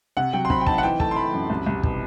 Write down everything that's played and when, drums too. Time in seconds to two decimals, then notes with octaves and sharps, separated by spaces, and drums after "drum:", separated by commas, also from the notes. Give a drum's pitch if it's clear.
0.17 C3 F#5
0.33 F#3 G5
0.45 C6
0.50 C4 B5, drum: kick
0.61 G5
0.66 D#4 A5, drum: kick
0.78 F#5
0.83 E3 G5
1.00 A3 A5, drum: kick
1.11 C6
1.16 E3 B5
1.33 F#2
1.50 C2
1.66 C2
1.83 B2, drum: kick